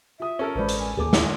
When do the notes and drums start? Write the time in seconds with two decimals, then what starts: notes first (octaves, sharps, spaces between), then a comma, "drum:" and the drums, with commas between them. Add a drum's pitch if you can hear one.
0.20 F4 E5 D#6
0.39 C#4 A4 A#4
0.56 A1 G#3 B4 C5 D5 B5
0.69 drum: hi-hat
0.79 G#5
0.97 D1 D#2 A#3 G#4 A4 D6
1.13 D3 G#3 C#5, drum: snare